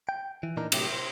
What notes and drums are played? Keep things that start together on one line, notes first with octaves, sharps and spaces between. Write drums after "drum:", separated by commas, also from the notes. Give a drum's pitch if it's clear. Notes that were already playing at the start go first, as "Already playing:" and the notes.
G5
E3
A#2 E3 D4 D#4 A#4
A2 C3 F#3 A3 G4, drum: cymbal
C5